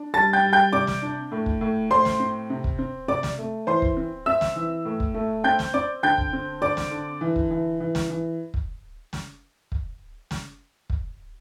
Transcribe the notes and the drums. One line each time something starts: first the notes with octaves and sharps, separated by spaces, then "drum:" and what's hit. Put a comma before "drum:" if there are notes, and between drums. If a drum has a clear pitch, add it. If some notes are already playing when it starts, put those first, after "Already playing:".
Already playing: D4
G3 A5 A6
G5 G6
G3
G5 G6
C3 D5 D6
drum: snare
D4
A2
drum: kick
A2
A2 C5 C6
drum: snare
C4
C3
drum: kick
C4
C3 D5 D6
drum: snare
A3
E3 C5 C6
drum: kick
C4
C4 E5 E6
drum: snare
E3
A2
drum: kick
A3
C4 G5 G6
drum: snare
C4 D5 D6
D3 G5 G6
drum: kick
C4
D3 D5 D6
drum: snare
D3
E3
drum: kick
E3
E3
drum: snare
E3
drum: kick
drum: snare
drum: kick
drum: snare
drum: kick